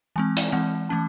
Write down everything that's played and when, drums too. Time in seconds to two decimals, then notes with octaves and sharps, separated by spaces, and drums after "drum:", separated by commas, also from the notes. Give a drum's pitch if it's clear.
0.16 E3 G#3 C4 G#5
0.37 drum: hi-hat
0.52 E3 G#3 C4 F#5
0.89 E3 A3 C#4 A5